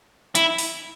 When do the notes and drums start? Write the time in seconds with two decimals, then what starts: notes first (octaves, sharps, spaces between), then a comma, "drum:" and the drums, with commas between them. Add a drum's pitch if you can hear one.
0.35 E4, drum: hi-hat
0.58 drum: open hi-hat